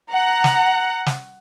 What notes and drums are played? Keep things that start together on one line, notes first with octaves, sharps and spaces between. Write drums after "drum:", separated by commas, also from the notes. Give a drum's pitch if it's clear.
F#5 A#5
drum: snare
drum: snare